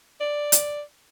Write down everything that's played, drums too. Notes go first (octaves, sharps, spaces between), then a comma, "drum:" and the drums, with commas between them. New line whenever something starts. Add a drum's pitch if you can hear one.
D5
drum: hi-hat